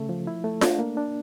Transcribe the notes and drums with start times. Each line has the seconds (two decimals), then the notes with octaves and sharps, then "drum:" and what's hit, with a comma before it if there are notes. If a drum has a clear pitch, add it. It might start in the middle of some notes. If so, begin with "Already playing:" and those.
Already playing: C#3 A3
0.09 F3
0.27 E4
0.44 A3
0.61 D4, drum: snare F4
0.79 A#3
0.97 D4